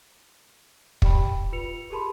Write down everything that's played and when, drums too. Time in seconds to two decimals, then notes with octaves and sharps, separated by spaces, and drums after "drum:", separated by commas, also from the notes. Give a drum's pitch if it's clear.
1.02 G4 D5 G5 B5, drum: kick
1.52 F4 B4 C#7 F7
1.90 G4 G#4 A#4 A5 B5 C6